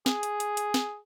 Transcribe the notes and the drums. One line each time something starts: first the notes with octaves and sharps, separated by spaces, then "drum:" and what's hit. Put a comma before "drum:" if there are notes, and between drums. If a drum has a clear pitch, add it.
G#4, drum: snare
drum: hi-hat
drum: hi-hat
drum: hi-hat
drum: snare